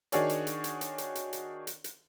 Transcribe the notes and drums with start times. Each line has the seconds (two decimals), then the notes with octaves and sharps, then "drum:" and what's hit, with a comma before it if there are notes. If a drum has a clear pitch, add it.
0.12 D#3 D4 F#4 G#4 C#5 D5, drum: hi-hat
0.29 drum: hi-hat
0.47 drum: hi-hat
0.64 drum: hi-hat
0.81 drum: hi-hat
0.98 drum: hi-hat
1.15 drum: hi-hat
1.33 drum: hi-hat
1.67 drum: hi-hat
1.84 drum: hi-hat